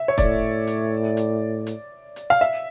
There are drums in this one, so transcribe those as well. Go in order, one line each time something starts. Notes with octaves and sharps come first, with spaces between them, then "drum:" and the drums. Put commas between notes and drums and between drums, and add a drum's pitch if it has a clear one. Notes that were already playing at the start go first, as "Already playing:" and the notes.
Already playing: E5
C#5
A2 D5, drum: kick, hi-hat
drum: hi-hat
drum: hi-hat
drum: hi-hat
drum: hi-hat
F5
E5